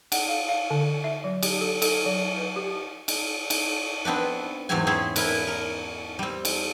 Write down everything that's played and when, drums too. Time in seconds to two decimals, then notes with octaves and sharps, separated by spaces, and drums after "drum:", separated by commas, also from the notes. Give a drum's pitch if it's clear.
0.12 F#5, drum: cymbal
0.29 F5
0.49 F5
0.70 D3
1.04 E5
1.24 F#3
1.43 G4, drum: cymbal
1.61 A4
1.82 A4, drum: cymbal
2.06 F#3
2.38 B4
2.56 G4
3.08 drum: cymbal
3.50 drum: cymbal
4.05 B3 C4 D4 B4
4.69 E2 G#2 E3 F#3 C4 G#5
4.87 C4 C#4 E4 G#4 C5 C#5
5.16 E4 A#4 B4, drum: cymbal
5.47 A#4
6.19 G3 C4
6.45 drum: cymbal